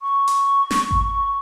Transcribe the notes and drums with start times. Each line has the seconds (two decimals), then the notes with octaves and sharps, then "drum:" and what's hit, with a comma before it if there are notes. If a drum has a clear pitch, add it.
0.01 C#6
0.28 drum: hi-hat
0.71 drum: snare
0.91 drum: kick G#1